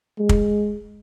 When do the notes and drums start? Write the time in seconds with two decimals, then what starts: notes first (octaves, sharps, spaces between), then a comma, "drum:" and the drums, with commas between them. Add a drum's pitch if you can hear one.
0.19 G#3
0.29 drum: kick